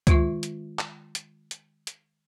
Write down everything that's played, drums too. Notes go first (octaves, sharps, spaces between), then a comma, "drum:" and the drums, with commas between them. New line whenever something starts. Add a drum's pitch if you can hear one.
D#3 G#3 F4 E5, drum: kick C#2, hi-hat
drum: hi-hat
drum: clap
drum: hi-hat
drum: hi-hat
drum: hi-hat